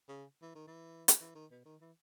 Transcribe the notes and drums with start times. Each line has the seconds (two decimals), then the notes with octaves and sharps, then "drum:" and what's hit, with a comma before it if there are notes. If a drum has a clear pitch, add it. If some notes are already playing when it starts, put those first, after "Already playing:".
0.09 C#3
0.42 E3
0.55 D#3
0.67 E3
1.08 drum: hi-hat
1.21 E3
1.35 D#3
1.51 B2
1.65 D#3
1.81 E3